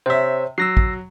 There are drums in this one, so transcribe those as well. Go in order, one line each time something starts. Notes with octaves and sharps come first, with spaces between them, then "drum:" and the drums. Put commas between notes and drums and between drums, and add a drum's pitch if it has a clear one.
C3 C5 C#5 E5
F#3 E6 A#6 C7
drum: kick